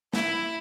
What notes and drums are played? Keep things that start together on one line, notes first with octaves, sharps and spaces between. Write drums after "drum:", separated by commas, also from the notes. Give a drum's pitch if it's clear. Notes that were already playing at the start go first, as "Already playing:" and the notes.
E4, drum: snare